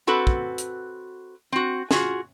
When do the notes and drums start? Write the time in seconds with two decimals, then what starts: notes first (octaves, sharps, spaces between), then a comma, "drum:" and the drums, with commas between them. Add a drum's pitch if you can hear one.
0.07 C4 F#4 A4 B4
0.27 drum: kick
0.58 drum: hi-hat
1.52 C4 F#4
1.91 F4 F#4 G#4, drum: snare